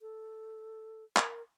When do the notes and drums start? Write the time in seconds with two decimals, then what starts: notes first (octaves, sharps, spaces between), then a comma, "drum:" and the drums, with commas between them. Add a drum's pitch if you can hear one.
0.02 A4
1.16 A#4, drum: clap